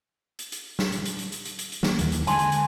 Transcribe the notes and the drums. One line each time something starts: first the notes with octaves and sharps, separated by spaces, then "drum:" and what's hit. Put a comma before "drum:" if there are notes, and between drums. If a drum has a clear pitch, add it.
drum: hi-hat
drum: hi-hat
drum: snare
drum: hi-hat
drum: hi-hat
drum: hi-hat
drum: hi-hat
drum: hi-hat
drum: hi-hat
drum: hi-hat
D#3 A#3, drum: snare
D#2 E3, drum: hi-hat
drum: hi-hat
D3 G#3 G#5 A5 C6, drum: hi-hat
drum: hi-hat
drum: hi-hat